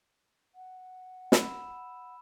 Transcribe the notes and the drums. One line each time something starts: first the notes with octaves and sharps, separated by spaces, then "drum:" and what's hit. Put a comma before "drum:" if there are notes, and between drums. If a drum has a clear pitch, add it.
F#5
B5 E6 E7, drum: snare